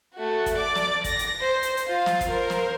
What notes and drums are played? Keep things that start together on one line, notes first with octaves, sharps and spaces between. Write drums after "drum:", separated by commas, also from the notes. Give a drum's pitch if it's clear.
A3 F#4
drum: kick, hi-hat
D5 D6
drum: snare
A#6, drum: kick, hi-hat
drum: hi-hat
C5
drum: hi-hat
drum: hi-hat
F4
drum: snare
drum: kick, hi-hat
A#4 C5
drum: snare